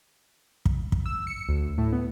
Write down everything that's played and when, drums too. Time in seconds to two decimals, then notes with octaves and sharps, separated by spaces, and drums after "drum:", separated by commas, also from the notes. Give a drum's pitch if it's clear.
0.65 drum: kick
0.92 drum: kick
1.06 E6
1.27 C#7
1.49 D2
1.78 A2
1.93 B3